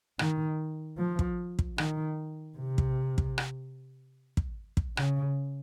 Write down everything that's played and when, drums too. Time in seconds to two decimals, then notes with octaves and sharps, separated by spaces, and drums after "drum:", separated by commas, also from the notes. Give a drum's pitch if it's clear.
0.19 D#3, drum: rim click
0.98 F3
1.19 drum: kick
1.59 drum: kick
1.78 D#3, drum: rim click
2.58 C3
2.78 drum: kick
3.18 drum: kick
3.38 drum: rim click
4.37 drum: kick
4.77 drum: kick
4.97 C#3, drum: rim click